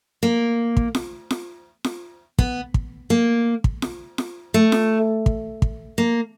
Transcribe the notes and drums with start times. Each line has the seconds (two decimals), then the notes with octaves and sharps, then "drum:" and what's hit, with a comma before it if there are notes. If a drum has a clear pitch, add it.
0.23 A#3
0.77 drum: kick
0.95 drum: snare F4
1.31 drum: snare F4
1.84 drum: snare F4
2.38 B3, drum: kick
2.74 drum: kick
3.10 A#3
3.64 drum: kick
3.82 drum: snare F4
4.18 drum: snare F4
4.54 A3
4.72 drum: snare F4
5.26 drum: kick
5.62 drum: kick
5.98 A#3